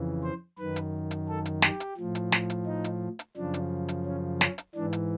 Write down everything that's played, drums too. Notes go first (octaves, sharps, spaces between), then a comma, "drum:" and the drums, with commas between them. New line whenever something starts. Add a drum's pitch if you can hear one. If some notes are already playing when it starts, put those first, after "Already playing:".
Already playing: F2 C#3 E3
C5
F#2 D#3 B4
drum: hi-hat
drum: hi-hat
A4
drum: hi-hat
G4, drum: snare
drum: hi-hat
A2 F3
drum: hi-hat
drum: snare
drum: hi-hat
D#4
drum: hi-hat
drum: hi-hat
F#2 C#3 F3 D4
drum: hi-hat
drum: hi-hat
C#4
C#4, drum: snare
drum: hi-hat
G#2 E3 D4
drum: hi-hat